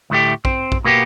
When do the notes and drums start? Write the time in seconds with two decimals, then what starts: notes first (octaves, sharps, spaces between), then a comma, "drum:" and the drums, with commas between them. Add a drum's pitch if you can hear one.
0.10 D2 A2 A3 G4
0.45 C4, drum: kick A#1
0.72 drum: kick A#1
0.84 B2 A#3 B3 G4